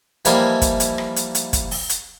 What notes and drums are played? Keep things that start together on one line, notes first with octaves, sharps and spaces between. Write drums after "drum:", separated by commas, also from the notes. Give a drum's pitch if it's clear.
E3 F3 G3 A#3 E4 D#5, drum: hi-hat
drum: kick, hi-hat
drum: hi-hat
drum: rim click
drum: hi-hat
drum: hi-hat
drum: kick, hi-hat
drum: open hi-hat
drum: hi-hat